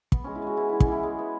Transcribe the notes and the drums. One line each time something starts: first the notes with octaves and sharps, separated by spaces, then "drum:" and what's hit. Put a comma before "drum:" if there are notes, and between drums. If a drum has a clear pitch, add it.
B3, drum: kick
G#3 C#4
E4
G#3 F#4
E3 E4
E3 E4
C#4, drum: kick
E3 E4
G#3 G#4
B3